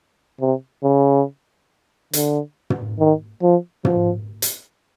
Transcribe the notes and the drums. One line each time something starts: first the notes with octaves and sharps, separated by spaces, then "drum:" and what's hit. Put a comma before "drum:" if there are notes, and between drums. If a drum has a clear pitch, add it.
C3
C#3
D3, drum: hi-hat
drum: tom
D#3
F3
F3, drum: tom
drum: hi-hat